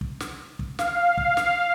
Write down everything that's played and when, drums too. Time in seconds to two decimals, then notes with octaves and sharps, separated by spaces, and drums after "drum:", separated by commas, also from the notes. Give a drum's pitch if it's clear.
0.01 drum: kick
0.20 drum: snare
0.59 drum: kick
0.79 F5, drum: snare
1.17 drum: kick
1.37 drum: snare